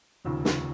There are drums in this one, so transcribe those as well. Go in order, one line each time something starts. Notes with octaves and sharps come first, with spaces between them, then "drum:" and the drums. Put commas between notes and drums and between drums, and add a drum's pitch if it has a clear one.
F1 D#2 C#3 F3 E6
drum: snare